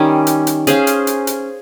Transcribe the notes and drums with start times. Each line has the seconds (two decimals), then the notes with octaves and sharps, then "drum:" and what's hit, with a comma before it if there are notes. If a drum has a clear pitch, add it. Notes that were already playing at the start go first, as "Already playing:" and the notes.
Already playing: D#3 G3 C#4
0.27 drum: hi-hat
0.47 drum: hi-hat
0.67 C#4 G#4 C5 F5, drum: hi-hat
0.87 drum: hi-hat
1.07 drum: hi-hat
1.27 drum: hi-hat